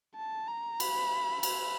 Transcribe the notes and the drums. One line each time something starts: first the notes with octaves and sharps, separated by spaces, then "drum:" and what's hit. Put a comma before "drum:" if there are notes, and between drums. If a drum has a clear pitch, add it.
A5
A#5
B5, drum: cymbal
B5, drum: cymbal